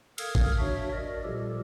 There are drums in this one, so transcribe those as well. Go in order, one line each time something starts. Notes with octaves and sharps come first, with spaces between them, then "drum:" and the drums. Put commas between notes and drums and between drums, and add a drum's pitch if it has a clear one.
A4 A#4 F5 D#6 F6 G#6, drum: cymbal
drum: kick
D4 F#4 C#5 E5
A#4 D5 D#5
A#2 F3 G3 G4 A4